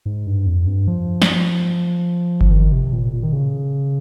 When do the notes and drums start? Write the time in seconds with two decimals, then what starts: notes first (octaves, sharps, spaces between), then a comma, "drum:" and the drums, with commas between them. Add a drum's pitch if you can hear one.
0.06 G#2
0.26 G2
0.46 F2
0.67 G2
0.88 F3
1.22 drum: snare
2.41 drum: kick G1
2.51 D#3
2.72 C3
2.93 A#2
3.13 A#2
3.23 D#3
3.33 C#3